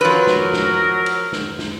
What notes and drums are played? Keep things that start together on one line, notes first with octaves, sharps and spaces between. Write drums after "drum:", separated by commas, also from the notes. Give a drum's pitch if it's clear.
F3 F#3 A#4 B4
drum: snare
drum: snare
drum: cymbal
drum: snare
drum: snare